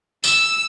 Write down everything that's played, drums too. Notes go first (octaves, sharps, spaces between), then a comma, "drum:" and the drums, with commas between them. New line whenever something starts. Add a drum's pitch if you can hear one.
E6, drum: tambourine